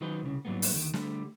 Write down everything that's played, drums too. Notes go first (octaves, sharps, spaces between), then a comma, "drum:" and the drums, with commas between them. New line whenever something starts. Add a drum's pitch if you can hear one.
D#3 F#3 D#4 B4 C5
C2 C#3
G#2 F#3 G3 A#3 B3
drum: open hi-hat
D2 D#3
D3 G3 A3, drum: snare